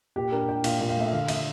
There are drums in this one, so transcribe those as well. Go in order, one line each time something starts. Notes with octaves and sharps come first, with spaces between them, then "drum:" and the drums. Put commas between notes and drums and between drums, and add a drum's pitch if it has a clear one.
A#2 G4
D4 A#4
D4 G5
A#2 F5, drum: cymbal
A#2 G5
F5
A3 E5
D3 F5
D3 E5, drum: cymbal